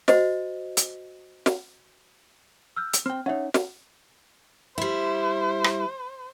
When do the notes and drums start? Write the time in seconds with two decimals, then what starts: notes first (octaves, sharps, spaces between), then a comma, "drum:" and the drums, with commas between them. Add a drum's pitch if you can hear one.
0.08 F#4 C5 D#5, drum: snare
0.77 drum: hi-hat
1.46 drum: snare
2.76 E6 F6 G6
2.93 drum: hi-hat
3.06 C4 G5 F6
3.26 C#4 D#4 C#5 E5 F#5
3.54 drum: snare
4.78 G3 E4 C5
5.64 drum: rim click